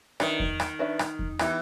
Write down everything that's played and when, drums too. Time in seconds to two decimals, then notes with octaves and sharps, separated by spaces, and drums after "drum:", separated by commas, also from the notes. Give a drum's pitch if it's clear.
0.20 D#3 D4 F#4 B4 E5, drum: rim click
0.40 drum: kick E2
0.60 drum: rim click
0.79 D4 F#4 B4 E5
0.99 drum: rim click
1.19 drum: kick E2
1.39 E3 B3 E4 G4, drum: rim click